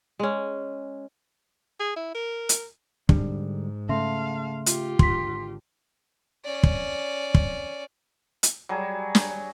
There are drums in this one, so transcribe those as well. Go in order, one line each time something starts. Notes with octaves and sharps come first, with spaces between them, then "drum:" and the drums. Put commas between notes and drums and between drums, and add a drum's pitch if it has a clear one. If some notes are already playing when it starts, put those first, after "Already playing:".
G#3 C#4
G#4
E4
A#4
drum: hi-hat
G#2 D3 G3 D4, drum: kick
C#3 A3 E5 F5 A5 C6
F4 G4, drum: hi-hat
G#1 D3 C6 B6, drum: kick
C#4 D5
drum: kick
drum: kick
drum: hi-hat
F#3 G3 G#4
drum: snare